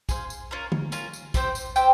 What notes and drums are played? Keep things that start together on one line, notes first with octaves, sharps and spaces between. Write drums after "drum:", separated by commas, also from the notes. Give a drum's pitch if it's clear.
G#4 C5 F5, drum: kick, tambourine
drum: tambourine
C#4 F4 A#4
drum: tom
C#4 F4 A#4, drum: tambourine
drum: tambourine
C4 G4 C5 G5, drum: kick, tambourine
drum: tambourine
C4 G4 C5 G5, drum: tambourine